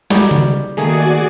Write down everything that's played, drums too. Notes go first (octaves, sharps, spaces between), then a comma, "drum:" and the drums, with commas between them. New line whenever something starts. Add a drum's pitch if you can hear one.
G3 D#4 F#4 G#4, drum: snare
drum: tom C#3
D#3 A3 A#3 F#4 G#4 D5 G#5